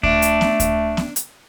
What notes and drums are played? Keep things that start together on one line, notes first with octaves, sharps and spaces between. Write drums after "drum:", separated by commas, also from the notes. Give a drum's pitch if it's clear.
A3 D4, drum: kick D2
drum: hi-hat
drum: snare B3
drum: kick D2, hi-hat
drum: snare B3
drum: hi-hat